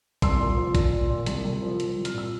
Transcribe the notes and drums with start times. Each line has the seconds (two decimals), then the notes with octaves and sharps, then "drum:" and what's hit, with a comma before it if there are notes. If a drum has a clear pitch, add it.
0.22 C2 C6 E6, drum: kick A#1, hi-hat
0.40 A#2
0.57 F3
0.75 A#2, drum: kick A#1, hi-hat
0.92 A#2
1.10 A#2
1.26 C2, drum: hi-hat
1.45 C2
1.62 F3
1.80 F3, drum: hi-hat
1.96 C2
2.05 F6, drum: hi-hat
2.14 A#2 E6